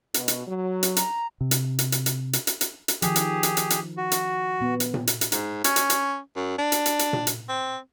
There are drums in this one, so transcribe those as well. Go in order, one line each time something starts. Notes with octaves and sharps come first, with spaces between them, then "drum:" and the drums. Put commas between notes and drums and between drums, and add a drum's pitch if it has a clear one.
B2, drum: hi-hat
drum: hi-hat
F#3
drum: hi-hat
A#5, drum: hi-hat
C3
drum: hi-hat
drum: hi-hat
drum: hi-hat
drum: hi-hat
drum: hi-hat
drum: hi-hat
drum: hi-hat
drum: hi-hat
D#3 F3 G4 G#4, drum: hi-hat
drum: hi-hat
drum: hi-hat
drum: hi-hat
drum: hi-hat
F#4
drum: hi-hat
A#2 B3
drum: hi-hat
drum: tom A#2
drum: hi-hat
drum: hi-hat
G#2, drum: hi-hat
C#4, drum: hi-hat
drum: hi-hat
drum: hi-hat
F#2
D4
drum: hi-hat
drum: hi-hat
drum: hi-hat
drum: tom A#2
drum: hi-hat
C4